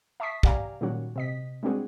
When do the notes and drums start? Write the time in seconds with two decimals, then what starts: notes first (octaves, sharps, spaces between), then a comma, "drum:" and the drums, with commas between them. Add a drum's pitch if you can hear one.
0.20 E5 A5 C#6 D#6 B6 C7
0.43 G4 D5 F5 G#5 A#5, drum: kick
0.81 A#2 D#3 F#3 G3 C#4 F#4
1.16 C3 D#5 B6
1.63 G3 G#3 C4 D4 F#4 G#4